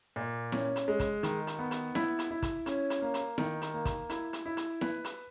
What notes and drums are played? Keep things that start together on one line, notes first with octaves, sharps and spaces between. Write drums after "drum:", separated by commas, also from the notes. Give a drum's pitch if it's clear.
A#2
C#4, drum: snare E4
drum: hi-hat
G#3
drum: kick, hi-hat
D#3, drum: hi-hat
drum: hi-hat
B3
drum: hi-hat
E4, drum: snare E4
drum: hi-hat
E4
drum: kick, hi-hat
C#4, drum: hi-hat
drum: hi-hat
A#3
drum: hi-hat
D#3, drum: snare E4
drum: hi-hat
A#3
drum: kick, hi-hat
E4, drum: hi-hat
drum: hi-hat
E4
drum: hi-hat
B4, drum: snare E4
drum: hi-hat